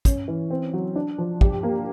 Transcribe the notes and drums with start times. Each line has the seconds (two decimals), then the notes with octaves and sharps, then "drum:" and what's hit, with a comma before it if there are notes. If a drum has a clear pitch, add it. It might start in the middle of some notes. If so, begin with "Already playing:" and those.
0.05 C#4, drum: kick, hi-hat
0.28 E3
0.50 C4
0.73 F#3
0.96 D4
1.18 F3
1.41 G4, drum: kick
1.63 A#3